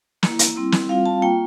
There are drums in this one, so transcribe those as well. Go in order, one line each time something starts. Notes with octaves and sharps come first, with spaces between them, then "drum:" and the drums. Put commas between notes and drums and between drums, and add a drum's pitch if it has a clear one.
A#3 E4, drum: snare
drum: hi-hat
G3 C4 E4
drum: snare
G3 C4 F4 F5
A5
A#3 F4 G5